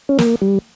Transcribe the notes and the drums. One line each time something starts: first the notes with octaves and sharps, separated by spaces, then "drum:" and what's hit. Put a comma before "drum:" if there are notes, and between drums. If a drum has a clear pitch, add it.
C#4
A#3, drum: snare
G3